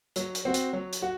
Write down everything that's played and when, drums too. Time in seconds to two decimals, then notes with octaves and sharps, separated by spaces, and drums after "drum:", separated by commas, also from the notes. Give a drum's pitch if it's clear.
0.16 F#3, drum: hi-hat
0.35 drum: hi-hat
0.45 C4 F#4
0.54 drum: hi-hat
0.73 F#3
0.93 drum: hi-hat
1.02 F#4